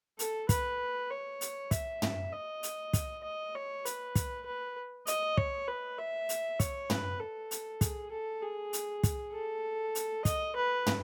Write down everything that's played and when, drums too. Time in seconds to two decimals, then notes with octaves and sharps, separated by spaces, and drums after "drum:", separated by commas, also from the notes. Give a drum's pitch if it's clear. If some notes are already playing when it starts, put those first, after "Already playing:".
0.19 A4, drum: hi-hat
0.49 B4, drum: kick, hi-hat
1.10 C#5
1.41 drum: hi-hat
1.71 E5, drum: kick, hi-hat
2.02 drum: tom
2.33 D#5
2.63 drum: hi-hat
2.93 drum: kick, hi-hat
3.24 D#5
3.55 C#5
3.85 B4, drum: hi-hat
4.15 drum: kick, hi-hat
4.46 B4
5.07 D#5, drum: hi-hat
5.37 C#5, drum: kick
5.68 B4
5.99 E5
6.29 drum: hi-hat
6.60 C#5, drum: kick, hi-hat
6.90 B4, drum: tom
7.20 A4
7.51 drum: hi-hat
7.81 G#4, drum: kick, hi-hat
8.12 A4
8.43 G#4
8.73 drum: hi-hat
9.03 drum: kick, hi-hat
9.33 A4
9.95 drum: hi-hat
10.25 D#5, drum: kick, hi-hat
10.56 B4
10.87 drum: tom